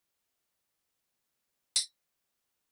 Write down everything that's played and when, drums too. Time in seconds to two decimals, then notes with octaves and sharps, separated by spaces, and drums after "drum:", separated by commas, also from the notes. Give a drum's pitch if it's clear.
0.21 D5 F5
0.77 A4
1.05 A4 C#5
1.76 drum: tambourine
2.09 C4